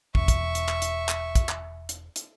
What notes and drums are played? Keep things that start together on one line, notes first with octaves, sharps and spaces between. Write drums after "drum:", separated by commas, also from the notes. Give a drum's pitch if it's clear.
E1 E5 C#6, drum: kick
drum: kick, hi-hat
drum: hi-hat
drum: clap
drum: hi-hat
drum: clap
drum: kick, hi-hat
drum: clap
drum: hi-hat
drum: hi-hat